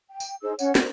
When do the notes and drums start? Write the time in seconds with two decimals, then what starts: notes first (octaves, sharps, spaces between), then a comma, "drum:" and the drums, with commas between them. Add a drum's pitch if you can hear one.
0.10 G5
0.20 drum: tambourine
0.42 D#4 G#4 C5 E6
0.59 C#4 C#5 F#5, drum: tambourine
0.75 D4 A#4 C5, drum: snare